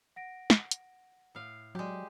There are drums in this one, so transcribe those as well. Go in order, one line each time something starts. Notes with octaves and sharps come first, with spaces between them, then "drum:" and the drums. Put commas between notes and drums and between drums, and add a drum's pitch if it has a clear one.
F#5 A#6 D7
drum: snare
drum: hi-hat
A2 F5
F#3 G#3 F#4 G4 D5